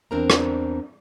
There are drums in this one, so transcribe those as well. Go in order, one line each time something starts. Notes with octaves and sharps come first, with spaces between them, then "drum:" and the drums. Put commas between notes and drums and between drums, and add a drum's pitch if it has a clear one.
E2 C4 D4 A#4 C5 A#5
drum: rim click